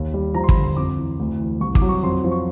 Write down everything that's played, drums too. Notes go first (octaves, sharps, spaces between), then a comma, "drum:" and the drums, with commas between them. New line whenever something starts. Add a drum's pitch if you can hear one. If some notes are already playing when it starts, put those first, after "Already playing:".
Already playing: D#2
G3
F3 A#5
C6
B5, drum: kick
D3
C6
F2 D6
E3
D2
E3
C2 C#6
D6, drum: kick
F#3
C#6
F2 C6
F3
C#6